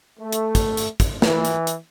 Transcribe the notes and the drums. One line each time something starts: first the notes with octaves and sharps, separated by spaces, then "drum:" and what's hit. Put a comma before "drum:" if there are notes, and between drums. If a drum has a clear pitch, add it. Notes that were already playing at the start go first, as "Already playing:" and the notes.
A3
drum: hi-hat
drum: kick, hi-hat
drum: hi-hat
drum: kick, hi-hat
E3, drum: snare
drum: hi-hat
drum: hi-hat